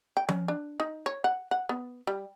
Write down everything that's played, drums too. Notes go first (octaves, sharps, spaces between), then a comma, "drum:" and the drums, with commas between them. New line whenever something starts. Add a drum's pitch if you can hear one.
G5
C#4, drum: tom F3
D4
D#4
C#5
F#5
F#5
B3
G3